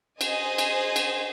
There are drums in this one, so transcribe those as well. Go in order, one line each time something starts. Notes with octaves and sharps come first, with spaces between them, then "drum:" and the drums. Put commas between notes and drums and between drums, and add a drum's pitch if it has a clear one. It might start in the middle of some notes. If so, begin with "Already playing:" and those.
G#4 C5 D#5 G#5, drum: cymbal
drum: cymbal
drum: cymbal